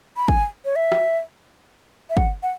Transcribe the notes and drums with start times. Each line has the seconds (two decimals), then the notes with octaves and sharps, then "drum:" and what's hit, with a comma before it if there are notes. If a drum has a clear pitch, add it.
0.17 B5
0.28 G#5, drum: kick
0.65 C#5
0.76 E5
0.92 drum: rim click
2.10 E5
2.17 F#5, drum: kick
2.43 F#5